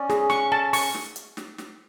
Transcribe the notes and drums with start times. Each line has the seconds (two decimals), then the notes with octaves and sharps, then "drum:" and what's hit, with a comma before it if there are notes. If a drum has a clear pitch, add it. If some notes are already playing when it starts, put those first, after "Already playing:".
Already playing: C#4 D5
0.10 G#4, drum: snare
0.30 C#6, drum: snare
0.52 A5
0.73 C#6, drum: open hi-hat
0.94 drum: snare
1.16 drum: hi-hat
1.37 drum: snare
1.58 drum: snare